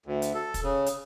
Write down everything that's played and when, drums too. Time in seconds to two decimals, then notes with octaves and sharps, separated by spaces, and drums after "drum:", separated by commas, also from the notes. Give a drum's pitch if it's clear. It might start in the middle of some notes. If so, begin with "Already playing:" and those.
0.06 D2
0.22 drum: hi-hat
0.34 A4
0.54 drum: kick, hi-hat
0.63 C#3
0.86 drum: hi-hat